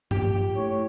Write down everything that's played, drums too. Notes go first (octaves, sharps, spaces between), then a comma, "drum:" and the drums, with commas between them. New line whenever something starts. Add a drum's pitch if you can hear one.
A#1 G4, drum: tom G2
A2 C#5